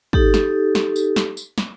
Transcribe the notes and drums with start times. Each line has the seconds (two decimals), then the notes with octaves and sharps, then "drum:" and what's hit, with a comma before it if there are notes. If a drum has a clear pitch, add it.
0.13 D#4 G4 A4, drum: kick
0.34 drum: snare
0.75 drum: snare
0.96 drum: tambourine
1.16 drum: snare
1.37 drum: tambourine
1.58 drum: snare